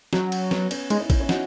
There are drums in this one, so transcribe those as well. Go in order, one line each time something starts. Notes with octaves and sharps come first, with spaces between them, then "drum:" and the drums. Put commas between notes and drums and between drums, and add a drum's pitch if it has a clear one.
F#3 C#4, drum: snare
drum: cymbal
B3, drum: snare
C#4, drum: cymbal
G#3 B3 D#4, drum: cymbal
C#4 E4
C#4 E4, drum: kick, cymbal
C#4 E4
D#4 F#4, drum: snare